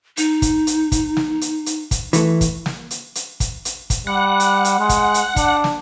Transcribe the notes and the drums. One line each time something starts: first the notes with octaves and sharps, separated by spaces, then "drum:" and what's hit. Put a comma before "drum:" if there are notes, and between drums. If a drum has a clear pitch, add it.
D#4, drum: hi-hat
drum: kick, hi-hat
drum: hi-hat
drum: kick, hi-hat
drum: snare
drum: hi-hat
drum: hi-hat
drum: kick, hi-hat
E3 A3, drum: hi-hat
drum: kick, hi-hat
drum: snare
drum: hi-hat
drum: hi-hat
drum: kick, hi-hat
drum: hi-hat
drum: kick, hi-hat
G3 F#5
drum: hi-hat
drum: hi-hat
G#3
drum: kick, hi-hat
drum: hi-hat
D4, drum: kick, hi-hat
drum: snare